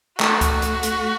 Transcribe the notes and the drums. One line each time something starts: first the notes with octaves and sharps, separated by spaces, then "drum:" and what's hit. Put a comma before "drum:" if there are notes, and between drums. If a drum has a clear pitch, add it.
A3 F#4, drum: clap
drum: kick C#2, hi-hat
drum: hi-hat
drum: hi-hat